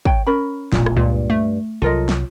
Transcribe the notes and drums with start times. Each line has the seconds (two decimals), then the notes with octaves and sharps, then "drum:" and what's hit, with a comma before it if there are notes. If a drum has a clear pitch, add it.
0.05 C#5 G5, drum: kick
0.27 C#4 A#4 B5
0.72 E1 A1 A#2, drum: snare
0.86 drum: rim click
0.96 C#2 G2 A#2 A#3
1.30 A3
1.82 C2 F3 F#3 F4 A4 A#4 D#5
2.09 drum: snare